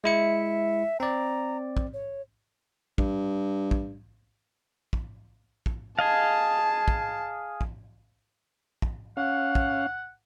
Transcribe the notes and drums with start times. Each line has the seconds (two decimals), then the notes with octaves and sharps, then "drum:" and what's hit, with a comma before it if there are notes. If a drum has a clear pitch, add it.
0.04 G#3 E4 E5 C#7
1.00 C4 D5 A#5
1.77 drum: kick
1.94 C#5
2.98 G2, drum: kick
3.71 drum: kick
4.93 drum: kick
5.66 drum: kick
5.99 G#4 D#5 F5 A5
6.88 drum: kick
7.61 drum: kick
8.82 drum: kick
9.17 C#4 F5 F#5
9.55 drum: kick